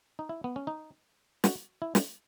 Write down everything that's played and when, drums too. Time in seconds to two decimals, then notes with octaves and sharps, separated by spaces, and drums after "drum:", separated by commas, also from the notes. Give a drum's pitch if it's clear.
0.19 D#4
0.29 E4
0.44 B3
0.56 C#4
0.67 D#4
1.44 F#4, drum: snare
1.82 E4
1.95 drum: snare